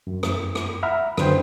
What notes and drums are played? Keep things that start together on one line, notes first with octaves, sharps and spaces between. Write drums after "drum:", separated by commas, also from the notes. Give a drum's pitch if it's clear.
F#2
drum: rim click
drum: rim click
E5 F#5 A#5 B5 F6
F#2 D3 B4 C5 G5, drum: rim click